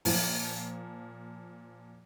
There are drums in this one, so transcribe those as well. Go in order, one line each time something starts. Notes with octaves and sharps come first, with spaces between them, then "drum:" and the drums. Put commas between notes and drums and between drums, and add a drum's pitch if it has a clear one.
A#2 F3, drum: open hi-hat